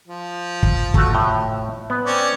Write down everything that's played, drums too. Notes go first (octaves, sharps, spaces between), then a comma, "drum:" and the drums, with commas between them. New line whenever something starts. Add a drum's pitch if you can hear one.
F3
drum: kick
A3 F#4, drum: kick
A2 G5
B3
C4 C#4 D5